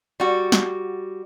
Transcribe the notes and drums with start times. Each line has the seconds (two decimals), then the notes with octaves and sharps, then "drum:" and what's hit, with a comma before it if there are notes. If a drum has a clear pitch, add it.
0.20 G3 F#4
0.52 drum: snare